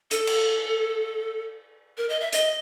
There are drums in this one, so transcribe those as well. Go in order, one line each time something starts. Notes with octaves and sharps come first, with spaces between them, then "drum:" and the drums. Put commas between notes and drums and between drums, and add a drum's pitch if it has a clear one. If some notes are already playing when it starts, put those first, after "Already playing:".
A4, drum: hi-hat
drum: cymbal
A#4
D#5
E5
D#5, drum: hi-hat